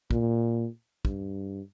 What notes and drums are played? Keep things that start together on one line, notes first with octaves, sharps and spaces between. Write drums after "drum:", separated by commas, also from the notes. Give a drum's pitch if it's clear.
A#2, drum: kick
G2, drum: kick